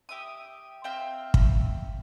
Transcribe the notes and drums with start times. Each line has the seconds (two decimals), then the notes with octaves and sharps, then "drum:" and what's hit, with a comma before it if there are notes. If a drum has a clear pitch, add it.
0.09 G4 E5 D#6
0.84 C4 E5 F5 G5
1.34 drum: kick